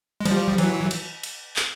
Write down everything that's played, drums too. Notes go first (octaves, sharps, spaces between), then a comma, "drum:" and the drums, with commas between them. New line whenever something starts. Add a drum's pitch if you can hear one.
G#3
F3 G3, drum: cymbal
E3 F#3, drum: cymbal
drum: cymbal
drum: cymbal
drum: clap